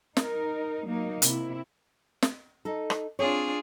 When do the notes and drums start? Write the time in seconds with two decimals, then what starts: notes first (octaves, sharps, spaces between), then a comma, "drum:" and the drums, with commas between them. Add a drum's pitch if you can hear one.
0.17 D#4 A#4, drum: snare
0.85 F#3 A#3 D#4
1.22 C3 E4, drum: hi-hat
2.22 drum: snare
2.65 D#4 A4
2.90 drum: rim click
3.19 C4 D4 F4 G#4 C#5